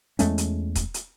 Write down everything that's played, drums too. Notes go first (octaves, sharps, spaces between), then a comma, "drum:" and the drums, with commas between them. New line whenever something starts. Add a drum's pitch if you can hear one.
E2 G#3 A3 C#4, drum: hi-hat
drum: hi-hat
drum: kick D#1, hi-hat
drum: hi-hat